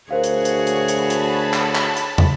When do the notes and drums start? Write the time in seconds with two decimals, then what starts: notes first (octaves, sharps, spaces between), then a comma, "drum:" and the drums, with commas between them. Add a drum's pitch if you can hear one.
0.11 D2 F#4 G#4 A#4 C5 C#5 F5
0.24 drum: hi-hat
0.45 drum: hi-hat
0.67 drum: hi-hat
0.88 A5 B5, drum: hi-hat
1.10 drum: hi-hat
1.53 drum: clap
1.75 drum: clap
1.97 drum: hi-hat
2.18 drum: tom